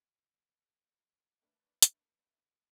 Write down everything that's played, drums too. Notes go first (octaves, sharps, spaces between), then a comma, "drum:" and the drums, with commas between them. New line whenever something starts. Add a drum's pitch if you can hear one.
A3 A#3 D4 A#4 B4
drum: hi-hat